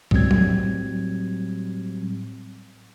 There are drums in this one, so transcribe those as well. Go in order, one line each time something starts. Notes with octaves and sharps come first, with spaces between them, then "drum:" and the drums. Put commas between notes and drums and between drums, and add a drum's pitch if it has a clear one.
A2 F#3 G3 C4 G#6, drum: kick
drum: tom F#3